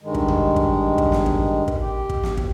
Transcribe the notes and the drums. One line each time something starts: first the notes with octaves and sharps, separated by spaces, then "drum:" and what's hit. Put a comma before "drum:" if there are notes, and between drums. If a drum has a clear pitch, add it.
G2 D#3 G#3
drum: kick
drum: tom D2
drum: kick
drum: kick
drum: snare
drum: kick
drum: kick
G4
drum: kick
drum: snare
drum: kick